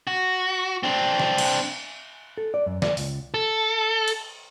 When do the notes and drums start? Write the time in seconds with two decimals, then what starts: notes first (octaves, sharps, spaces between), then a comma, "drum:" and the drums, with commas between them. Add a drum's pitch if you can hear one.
0.07 F#4
0.83 C4 D4
1.19 drum: snare
1.38 drum: cymbal
2.38 A4
2.54 D5
2.66 F#2
2.82 D5, drum: snare
2.97 C#2, drum: open hi-hat
3.34 A4
4.08 drum: cymbal